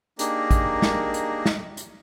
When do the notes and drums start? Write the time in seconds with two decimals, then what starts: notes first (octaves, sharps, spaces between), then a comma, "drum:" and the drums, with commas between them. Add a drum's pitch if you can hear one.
0.19 A#3 D4 D#4 G4 G#4 A#4, drum: hi-hat
0.51 drum: kick, hi-hat
0.82 drum: snare
1.14 drum: hi-hat
1.46 drum: snare
1.77 drum: hi-hat